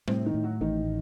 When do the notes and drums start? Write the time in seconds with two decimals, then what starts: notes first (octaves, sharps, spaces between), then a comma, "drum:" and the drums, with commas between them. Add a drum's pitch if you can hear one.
0.08 A2 C3 C4, drum: tom G3
0.26 D#3 D#4
0.34 A2
0.44 F#3 F#4
0.61 A1 D#3 D#4